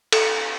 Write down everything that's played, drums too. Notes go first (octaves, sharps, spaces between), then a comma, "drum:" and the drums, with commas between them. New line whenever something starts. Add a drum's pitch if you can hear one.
A4, drum: cymbal